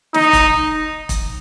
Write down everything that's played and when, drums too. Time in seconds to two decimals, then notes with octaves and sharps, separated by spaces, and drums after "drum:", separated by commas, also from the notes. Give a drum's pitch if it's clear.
0.14 D#4, drum: snare
0.33 drum: kick E1, hi-hat
1.09 drum: kick E1, hi-hat